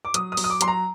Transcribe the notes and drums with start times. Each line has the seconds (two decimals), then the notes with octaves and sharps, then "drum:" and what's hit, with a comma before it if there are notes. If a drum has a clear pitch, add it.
0.05 D6
0.14 F#3 D#6, drum: hi-hat
0.32 D#6
0.37 F#3, drum: open hi-hat
0.44 D#6
0.50 D6
0.61 F#3 C6, drum: hi-hat
0.68 A#5